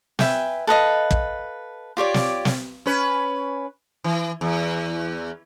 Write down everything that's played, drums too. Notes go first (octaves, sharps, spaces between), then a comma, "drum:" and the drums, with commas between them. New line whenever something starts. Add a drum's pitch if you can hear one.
B4 E5 G5 G#5, drum: snare
A4 B4 D#5 F5
drum: kick
F4 G4 C#5 D5
drum: snare
drum: snare
C#4 B4
E3
E2